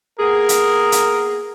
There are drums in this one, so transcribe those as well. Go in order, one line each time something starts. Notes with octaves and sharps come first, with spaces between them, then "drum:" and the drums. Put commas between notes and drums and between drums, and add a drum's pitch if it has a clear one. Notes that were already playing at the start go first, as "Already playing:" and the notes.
A#3 B3 G#4 A#4
drum: hi-hat
drum: hi-hat